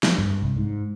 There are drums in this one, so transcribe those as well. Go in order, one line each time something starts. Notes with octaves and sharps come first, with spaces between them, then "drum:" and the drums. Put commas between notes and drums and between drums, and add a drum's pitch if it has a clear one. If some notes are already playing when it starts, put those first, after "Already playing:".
drum: snare
G2
C2
G#2